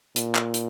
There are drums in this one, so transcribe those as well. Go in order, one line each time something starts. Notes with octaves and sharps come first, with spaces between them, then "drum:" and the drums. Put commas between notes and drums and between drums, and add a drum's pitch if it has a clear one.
A#2, drum: hi-hat
drum: clap
drum: hi-hat